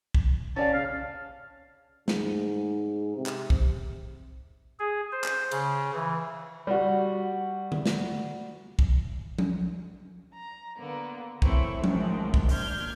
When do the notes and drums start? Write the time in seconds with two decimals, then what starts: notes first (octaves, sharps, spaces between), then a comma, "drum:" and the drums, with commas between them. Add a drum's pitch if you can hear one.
0.15 drum: kick
0.56 C#4 D5 F5 A5
0.73 C#3 F5
2.08 G#2, drum: snare
3.17 C3
3.26 drum: clap
3.50 drum: kick
4.79 G#4
5.12 C5
5.24 drum: clap
5.51 C#3, drum: cymbal
5.95 E3
6.67 G3 F#4
7.72 drum: tom D3
7.86 drum: snare
8.79 drum: kick
9.39 drum: tom F3
10.34 A#5
10.78 D3 A#3 B3
11.42 E3 A3 C4 E4 C#5, drum: kick
11.84 F#2 A2 D#3 F3 G#3 C4, drum: tom F3
12.34 drum: kick
12.49 A#3 D4 F6 G6 G#6, drum: open hi-hat